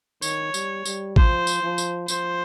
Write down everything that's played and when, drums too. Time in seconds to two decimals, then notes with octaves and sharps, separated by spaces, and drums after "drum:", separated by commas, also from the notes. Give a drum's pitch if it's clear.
0.22 D#3 C#5, drum: tambourine
0.54 G3, drum: tambourine
0.85 G3, drum: tambourine
1.16 F3 C5, drum: kick
1.47 drum: tambourine
1.63 F3
1.78 drum: tambourine
2.08 F3 C5, drum: tambourine